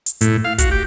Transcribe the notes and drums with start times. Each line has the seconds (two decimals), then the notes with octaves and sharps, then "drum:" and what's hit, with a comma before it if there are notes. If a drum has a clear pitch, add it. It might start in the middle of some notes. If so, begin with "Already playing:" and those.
0.06 drum: hi-hat
0.21 A2, drum: hi-hat
0.45 F5
0.58 F#4, drum: kick, hi-hat
0.71 G4